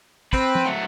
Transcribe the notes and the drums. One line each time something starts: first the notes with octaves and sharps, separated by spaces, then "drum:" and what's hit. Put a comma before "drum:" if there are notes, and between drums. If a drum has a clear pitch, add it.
C4 B4, drum: kick
drum: tom
F#3 A3